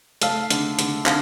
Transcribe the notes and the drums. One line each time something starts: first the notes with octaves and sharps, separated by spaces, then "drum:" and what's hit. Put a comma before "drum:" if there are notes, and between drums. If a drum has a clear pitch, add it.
A3 F5, drum: hi-hat
D3, drum: hi-hat
D3, drum: hi-hat
D3 F5, drum: clap